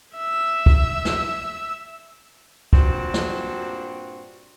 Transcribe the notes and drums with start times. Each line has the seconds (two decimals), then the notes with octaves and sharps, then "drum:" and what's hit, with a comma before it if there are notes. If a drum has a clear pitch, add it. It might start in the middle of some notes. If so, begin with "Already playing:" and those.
0.17 E5 E6
0.66 drum: kick
1.05 drum: snare
2.73 G2 A#2 C4 D4 F#4, drum: kick
3.14 drum: snare